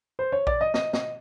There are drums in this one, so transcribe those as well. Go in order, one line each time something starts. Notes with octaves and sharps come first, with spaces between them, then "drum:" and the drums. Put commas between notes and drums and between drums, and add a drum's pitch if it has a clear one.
C5
C#5
D5, drum: kick A#1
D#5
D#5, drum: snare
D#5, drum: snare